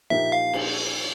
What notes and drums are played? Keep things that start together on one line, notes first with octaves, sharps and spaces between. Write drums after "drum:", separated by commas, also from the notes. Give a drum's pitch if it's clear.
A#2 F3 A#3 D#4 G4 E5
F5
drum: cymbal